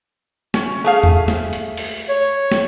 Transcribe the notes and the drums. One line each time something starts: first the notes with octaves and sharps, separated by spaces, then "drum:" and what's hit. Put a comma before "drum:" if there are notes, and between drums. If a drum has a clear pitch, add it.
C#4, drum: snare
A3 G#4 F5
drum: tom E2
drum: snare
drum: hi-hat
drum: open hi-hat
C#5
drum: snare